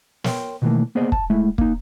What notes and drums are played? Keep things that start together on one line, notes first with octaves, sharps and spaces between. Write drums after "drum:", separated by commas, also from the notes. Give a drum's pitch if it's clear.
A#4 C#5 G5 C6, drum: snare
B2 D#3 E3 F#3 A3 A#3
A#3 B3 G#4 C5 D5 D#5
A5, drum: kick
G#3 A3 E4
A#3 D#4, drum: kick